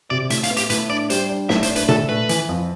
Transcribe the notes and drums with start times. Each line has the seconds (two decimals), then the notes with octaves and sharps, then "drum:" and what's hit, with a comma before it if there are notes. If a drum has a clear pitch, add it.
0.10 C3 D5
0.30 A2 E5, drum: hi-hat
0.43 F5, drum: hi-hat
0.50 B3
0.57 G4, drum: hi-hat
0.70 A2 B4, drum: hi-hat
0.89 D4 D5
1.10 G3 C5, drum: hi-hat
1.29 D4
1.49 A2 E5, drum: snare
1.63 C5, drum: hi-hat
1.69 D4
1.76 B4, drum: hi-hat
1.89 A3 A4, drum: tom A#2
2.09 A3 B4
2.29 E3, drum: hi-hat
2.49 F2